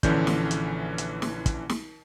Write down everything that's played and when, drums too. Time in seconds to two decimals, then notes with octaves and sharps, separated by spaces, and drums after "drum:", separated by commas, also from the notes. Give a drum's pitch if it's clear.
0.03 A#1 D3 E3 C#4 D4 G6, drum: kick, hi-hat
0.27 drum: snare
0.51 drum: hi-hat
0.98 drum: hi-hat
1.22 drum: snare
1.46 drum: kick, hi-hat
1.69 drum: snare